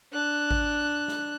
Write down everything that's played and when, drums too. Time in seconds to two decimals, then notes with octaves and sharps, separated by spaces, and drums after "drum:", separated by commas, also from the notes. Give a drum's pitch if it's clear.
0.12 D4 F#6
0.51 drum: kick G#1
1.08 drum: snare